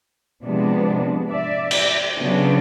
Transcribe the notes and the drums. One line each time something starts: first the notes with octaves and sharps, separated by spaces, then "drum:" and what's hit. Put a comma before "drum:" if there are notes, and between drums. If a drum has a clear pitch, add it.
C3 F3 G#3 B3 D4
D5 E5
drum: cymbal
C#3 F#3 B3 D4